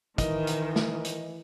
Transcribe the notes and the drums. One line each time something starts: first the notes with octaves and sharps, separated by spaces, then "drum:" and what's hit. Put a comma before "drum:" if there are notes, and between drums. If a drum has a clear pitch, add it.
D#3 E3 D#5, drum: kick, hi-hat
drum: hi-hat
drum: snare
drum: hi-hat